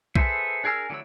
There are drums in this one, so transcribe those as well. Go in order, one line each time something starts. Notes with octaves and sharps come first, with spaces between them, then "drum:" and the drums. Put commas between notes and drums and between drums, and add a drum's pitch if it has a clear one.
G#4 A4 B4 C5 E5, drum: kick B1
D4 G#4 A#4 E6 F6
D3 F#3 A3 E4 E6